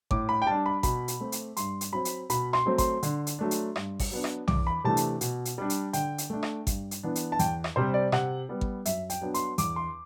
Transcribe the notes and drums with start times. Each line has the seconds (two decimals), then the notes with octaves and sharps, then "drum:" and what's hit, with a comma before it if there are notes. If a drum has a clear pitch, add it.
0.11 A2 D6, drum: kick G#1
0.29 B5
0.42 G5
0.47 G3 D4 A5
0.66 B5
0.83 B2 B5, drum: kick G#1, hi-hat
1.08 drum: hi-hat
1.20 A3 C4
1.32 drum: hi-hat
1.57 G2 C6, drum: hi-hat
1.81 drum: hi-hat
1.92 F#3 C4 B5
2.05 drum: hi-hat
2.30 B2 B5, drum: hi-hat
2.53 C6, drum: rim click
2.66 F#3 A3 C4
2.78 C6, drum: kick G#1, hi-hat
3.03 D3, drum: hi-hat
3.27 drum: hi-hat
3.39 F#3 A3 D4
3.51 drum: hi-hat
3.76 G2, drum: rim click
4.00 drum: kick G#1, open hi-hat
4.11 F#3 B3 D4
4.24 drum: rim click
4.48 E2 D6, drum: tom B1
4.67 B5
4.84 C3 E3 A3 D4 A5
4.97 drum: hi-hat
5.21 B2, drum: hi-hat
5.45 drum: hi-hat
5.58 G3 D4
5.70 drum: hi-hat
5.93 D3 G5, drum: hi-hat
6.18 drum: hi-hat
6.30 A3 D4
6.43 drum: rim click
6.67 G2, drum: kick G#1, hi-hat
6.91 drum: hi-hat
7.03 E3 B3 D4
7.15 drum: hi-hat
7.32 A5
7.39 E2 G5, drum: hi-hat
7.64 drum: rim click
7.76 C3 G3 C4 C5
7.94 D5
8.12 C3 F#5, drum: rim click
8.49 G3 B3
8.61 drum: kick G#1
8.85 F#2 E5, drum: hi-hat
9.10 G5, drum: hi-hat
9.21 F#3 B3 D4
9.34 C6, drum: hi-hat
9.58 E2 D6, drum: hi-hat
9.76 C6